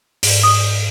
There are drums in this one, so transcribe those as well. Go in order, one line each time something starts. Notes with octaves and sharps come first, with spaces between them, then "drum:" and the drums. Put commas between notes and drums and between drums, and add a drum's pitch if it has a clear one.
G#2, drum: open hi-hat
D#6